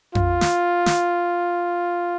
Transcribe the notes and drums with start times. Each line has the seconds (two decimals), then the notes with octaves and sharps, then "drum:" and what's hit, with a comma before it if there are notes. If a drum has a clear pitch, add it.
0.15 F4, drum: tom F2
0.41 drum: snare
0.86 drum: snare